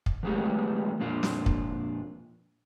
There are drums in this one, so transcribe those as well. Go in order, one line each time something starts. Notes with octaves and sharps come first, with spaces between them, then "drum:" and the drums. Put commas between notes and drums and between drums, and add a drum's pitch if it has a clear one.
drum: kick
E3 F#3 G#3 A3 B3 G4
F2 A#2 D4 F4
drum: snare
drum: kick